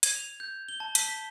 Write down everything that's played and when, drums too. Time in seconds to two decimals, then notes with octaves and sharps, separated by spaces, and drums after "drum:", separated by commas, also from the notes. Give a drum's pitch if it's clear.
0.03 G#6, drum: hi-hat
0.16 F7
0.40 G6
0.69 G7
0.80 A5
0.95 B6, drum: hi-hat
1.08 B6